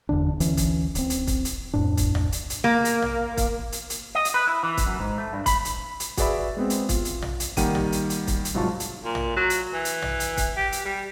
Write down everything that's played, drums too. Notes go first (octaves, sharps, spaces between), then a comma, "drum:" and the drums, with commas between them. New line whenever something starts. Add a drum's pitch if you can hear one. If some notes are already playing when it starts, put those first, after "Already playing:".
F#1 E2 D3 D4
D2 E3 C#4, drum: hi-hat
drum: kick, hi-hat
D1 C4, drum: hi-hat
drum: hi-hat
drum: kick, hi-hat
drum: hi-hat
D1 F2 A2 D4
drum: kick, hi-hat
drum: tom A#1
drum: hi-hat
drum: hi-hat
A#3
drum: hi-hat
drum: tom A#1
drum: kick, hi-hat
drum: hi-hat
drum: hi-hat
D#5
drum: hi-hat
B4
E4
E3
drum: kick, hi-hat
F#2
G#2
A3
G2
B5, drum: kick, hi-hat
drum: hi-hat
drum: hi-hat
F#4 G#4 B4 D5 E5 B5, drum: kick, hi-hat
G#3 B3 C4
drum: hi-hat
F4, drum: kick, hi-hat
drum: hi-hat
drum: tom A#1
drum: hi-hat
D#3 G3 A#3 F#5 G5 D#7, drum: kick, hi-hat
drum: tom A#1
drum: hi-hat
drum: hi-hat
drum: kick, hi-hat
drum: hi-hat
C2 G#2 F#3 F4 A5 C#6
drum: hi-hat
A#2
drum: tom A#1
F#3
drum: hi-hat
E3
drum: hi-hat
drum: tom A#1
drum: hi-hat
drum: kick, hi-hat
G4
drum: hi-hat
G3